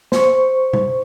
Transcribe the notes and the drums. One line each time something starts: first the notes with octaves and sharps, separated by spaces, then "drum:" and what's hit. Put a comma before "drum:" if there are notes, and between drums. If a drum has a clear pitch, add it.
C5 C#6, drum: snare
drum: tom B2